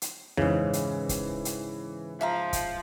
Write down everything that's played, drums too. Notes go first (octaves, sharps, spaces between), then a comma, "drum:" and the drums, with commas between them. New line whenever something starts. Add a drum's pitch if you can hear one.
drum: hi-hat
G#2 C#3 E3, drum: tom F2
drum: hi-hat
drum: kick, hi-hat
drum: hi-hat
F3 E5 F5 A#5
drum: kick, hi-hat